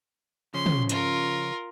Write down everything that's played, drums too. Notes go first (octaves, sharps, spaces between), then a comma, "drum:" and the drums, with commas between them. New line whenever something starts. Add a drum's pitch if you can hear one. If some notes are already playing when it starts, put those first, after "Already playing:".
C#3 F3 C#4 C6
drum: tom
F4 A#4, drum: hi-hat